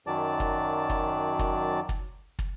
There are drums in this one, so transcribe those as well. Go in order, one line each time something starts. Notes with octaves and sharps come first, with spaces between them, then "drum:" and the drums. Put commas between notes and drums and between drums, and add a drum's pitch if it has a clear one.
F#2 D#3 F#3 D5 A5
drum: kick
drum: kick
drum: kick
drum: kick
drum: kick